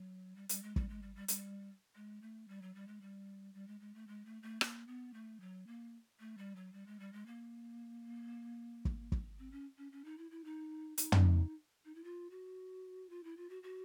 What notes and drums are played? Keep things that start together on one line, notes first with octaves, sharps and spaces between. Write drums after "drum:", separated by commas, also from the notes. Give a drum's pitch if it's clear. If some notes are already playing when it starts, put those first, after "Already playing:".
Already playing: F#3
G3
G3, drum: hi-hat
G#3
G3, drum: kick
G#3
G3
G3
G3, drum: hi-hat
G#3
A3
G3
F#3
G3
G#3
G3
G3
G#3
G#3
A3
G#3
A3
A3
A#3, drum: rim click
B3
A3
F#3
A#3
A3
G3
F#3
G3
G#3
G3
G#3
A#3
drum: kick
drum: kick
C4
C#4
C#4
C#4
D#4
E4
E4
D#4
D#4, drum: hi-hat
drum: tom
D#4
E4
F4
F#4
F4
E4
F4
F#4
F#4